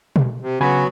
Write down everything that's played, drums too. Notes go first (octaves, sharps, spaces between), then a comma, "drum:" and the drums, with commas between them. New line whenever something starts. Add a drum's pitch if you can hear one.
drum: tom B2
C3
C#3 F#3 B3 F#4 G#5 B5